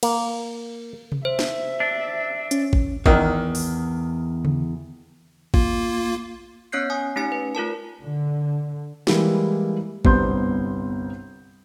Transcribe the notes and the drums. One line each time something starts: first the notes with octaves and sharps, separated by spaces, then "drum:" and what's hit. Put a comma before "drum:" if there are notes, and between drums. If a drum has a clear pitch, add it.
A#3, drum: cymbal
drum: tom C3
C5 E5
drum: snare
D4
C#4, drum: hi-hat
drum: kick G#1
E2 D#3, drum: kick G#1
drum: open hi-hat
drum: tom C#3
A#3 F4, drum: kick G#1
B3 C#4 C#5 F#6 G6 C7
G#5 D#6
A3 C#4 D#4 G4 G#5 C#7
B4
A3 F4 A#4 A5
D3
E3 G3 G#3 A#3 E4 G4, drum: snare
G1 C2 B3 C5 C6 G6, drum: kick G#1